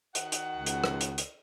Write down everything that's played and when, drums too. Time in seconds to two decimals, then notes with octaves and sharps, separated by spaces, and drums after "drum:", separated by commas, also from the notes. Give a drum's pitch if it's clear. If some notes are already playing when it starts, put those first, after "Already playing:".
0.15 D#3 F#4 F#5, drum: hi-hat
0.32 drum: hi-hat
0.56 C#2
0.66 drum: hi-hat
0.84 drum: rim click
1.01 drum: hi-hat
1.18 drum: hi-hat